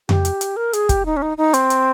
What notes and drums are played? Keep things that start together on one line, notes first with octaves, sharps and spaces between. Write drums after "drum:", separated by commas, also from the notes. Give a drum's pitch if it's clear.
G4, drum: tom F2
drum: hi-hat
drum: hi-hat
A#4
G#4, drum: hi-hat
G4, drum: kick, hi-hat
D#4
C#4
D#4
D#4
C4, drum: hi-hat
drum: hi-hat